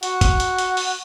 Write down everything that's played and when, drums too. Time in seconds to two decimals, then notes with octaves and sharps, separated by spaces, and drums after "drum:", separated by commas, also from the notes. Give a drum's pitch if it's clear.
0.03 F#4, drum: hi-hat
0.21 drum: kick, hi-hat
0.40 drum: hi-hat
0.58 drum: hi-hat
0.77 drum: open hi-hat